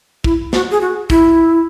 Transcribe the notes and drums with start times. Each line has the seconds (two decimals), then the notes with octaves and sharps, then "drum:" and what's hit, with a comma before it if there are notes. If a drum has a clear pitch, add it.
0.24 E4, drum: kick
0.53 F#4, drum: snare
0.71 G#4
0.81 F#4
1.10 E4, drum: kick